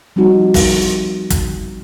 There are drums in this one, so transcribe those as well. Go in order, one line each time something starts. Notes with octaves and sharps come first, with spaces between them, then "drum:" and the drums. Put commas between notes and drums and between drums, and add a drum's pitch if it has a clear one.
F3 G3 C4 D#4 F#4
drum: kick, open hi-hat
drum: kick, hi-hat